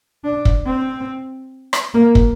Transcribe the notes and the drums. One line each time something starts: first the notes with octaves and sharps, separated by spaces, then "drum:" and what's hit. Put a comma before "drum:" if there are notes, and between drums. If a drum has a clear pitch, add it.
D4
drum: kick
C4
drum: rim click
A#3
drum: kick